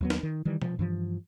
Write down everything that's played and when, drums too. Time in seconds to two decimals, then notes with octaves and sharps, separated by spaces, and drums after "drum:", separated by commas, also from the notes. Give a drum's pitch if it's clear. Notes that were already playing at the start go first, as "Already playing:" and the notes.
0.01 D#2 F#3 B3
0.10 drum: snare
0.23 D#3
0.45 D#3 E3 G3
0.62 F3, drum: tom B2
0.79 G2 E3 F3